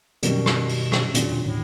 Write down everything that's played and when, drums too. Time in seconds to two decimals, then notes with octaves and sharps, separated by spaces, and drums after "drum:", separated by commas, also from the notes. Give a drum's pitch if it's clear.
0.23 F#2 B2 D#3 G3, drum: hi-hat
0.46 drum: rim click
0.69 drum: open hi-hat
0.92 drum: rim click
1.14 E1 D#2 A#2 D3 F#3, drum: hi-hat
1.46 A2